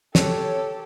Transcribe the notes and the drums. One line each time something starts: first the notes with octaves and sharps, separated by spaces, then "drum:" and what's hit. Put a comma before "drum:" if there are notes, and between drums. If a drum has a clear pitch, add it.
G4 A4 C#5, drum: snare